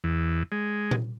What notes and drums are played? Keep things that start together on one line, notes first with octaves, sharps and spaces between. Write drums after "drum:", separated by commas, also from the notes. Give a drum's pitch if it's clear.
E2
G#3
drum: tom A#2